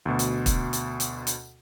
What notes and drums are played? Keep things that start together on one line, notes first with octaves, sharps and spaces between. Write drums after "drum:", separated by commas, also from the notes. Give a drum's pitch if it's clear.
D2 B2
drum: hi-hat
drum: kick, hi-hat
drum: hi-hat
drum: hi-hat
drum: hi-hat